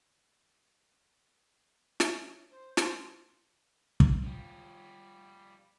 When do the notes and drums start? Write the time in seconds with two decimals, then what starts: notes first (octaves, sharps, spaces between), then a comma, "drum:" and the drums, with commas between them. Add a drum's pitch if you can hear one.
2.00 D4 C#5 E5, drum: snare
2.51 C5
2.77 C5 A5, drum: snare
4.00 drum: kick
4.23 F3 G3